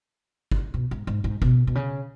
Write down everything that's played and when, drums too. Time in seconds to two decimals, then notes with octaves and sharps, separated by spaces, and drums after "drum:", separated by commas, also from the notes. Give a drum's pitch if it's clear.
0.51 drum: kick
0.74 B2
0.91 G#2
1.07 G#2
1.24 G#2
1.42 B2, drum: kick
1.67 B2
1.75 C#3